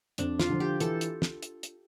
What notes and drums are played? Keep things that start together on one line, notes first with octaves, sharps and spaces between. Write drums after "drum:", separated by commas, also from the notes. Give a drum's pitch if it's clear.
F2 D4, drum: hi-hat
F4, drum: snare
D3 F3
G4
E3 A4, drum: hi-hat
drum: hi-hat
drum: snare
drum: hi-hat
drum: hi-hat